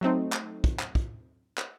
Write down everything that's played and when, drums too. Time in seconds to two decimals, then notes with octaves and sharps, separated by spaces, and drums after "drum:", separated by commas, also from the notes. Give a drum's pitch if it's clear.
0.01 F#3 A3 C4 D#4
0.33 drum: clap
0.64 drum: kick
0.80 drum: clap
0.95 drum: kick
1.58 drum: clap